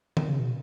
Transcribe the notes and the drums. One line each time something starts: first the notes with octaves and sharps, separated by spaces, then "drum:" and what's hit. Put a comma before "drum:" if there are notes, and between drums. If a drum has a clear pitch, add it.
D#3, drum: tom D#3
C#3
B2